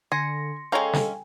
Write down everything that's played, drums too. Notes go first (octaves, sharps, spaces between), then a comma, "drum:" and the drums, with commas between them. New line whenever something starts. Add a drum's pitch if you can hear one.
D3 G#5 C6 A#6 C#7
G#3 C#4 A4 F5 G5 G#5 A#5
drum: snare